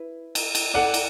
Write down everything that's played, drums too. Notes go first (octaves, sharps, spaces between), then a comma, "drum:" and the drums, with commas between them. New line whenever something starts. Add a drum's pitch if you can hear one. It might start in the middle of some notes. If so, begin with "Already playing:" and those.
Already playing: E4 B4
drum: cymbal
drum: cymbal
E4 A4 D5 F#5
drum: cymbal